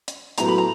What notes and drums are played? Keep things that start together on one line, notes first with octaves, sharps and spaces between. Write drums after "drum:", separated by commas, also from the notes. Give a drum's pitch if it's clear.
drum: hi-hat
A2 F#3 B3 E4 G4 A#5, drum: hi-hat
B5
A#5